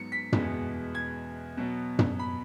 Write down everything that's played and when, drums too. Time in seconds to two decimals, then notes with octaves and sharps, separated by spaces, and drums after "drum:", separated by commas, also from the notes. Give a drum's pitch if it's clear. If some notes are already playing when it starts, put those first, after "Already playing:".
Already playing: G#2 F#3 B3 C#7
0.12 B6
0.32 E2 B2 G#3 B3, drum: tom
0.95 G#6
1.57 B2 F#3 B3
1.99 drum: tom
2.19 B5